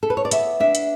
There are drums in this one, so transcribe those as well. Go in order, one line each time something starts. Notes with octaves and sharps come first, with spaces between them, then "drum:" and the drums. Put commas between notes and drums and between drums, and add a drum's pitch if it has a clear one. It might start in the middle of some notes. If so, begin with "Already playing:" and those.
A4
B4
C#5
D5
B3 E5, drum: hi-hat
D4 E5
drum: hi-hat